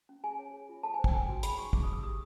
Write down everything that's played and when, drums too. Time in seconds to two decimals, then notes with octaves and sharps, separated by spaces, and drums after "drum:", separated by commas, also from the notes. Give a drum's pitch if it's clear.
0.09 C#4
0.24 G#4 G#5
0.39 C#5
0.54 G#4
0.69 F4
0.83 A4 A5
0.94 G#5
0.99 C5
1.04 G5, drum: kick
1.13 A4 G#5
1.29 F#4
1.43 G#4 B5, drum: hi-hat
1.58 D#4 C#6
1.73 G#4 D6, drum: kick
1.83 D#6
1.88 G#4 E6
2.03 G4 D#6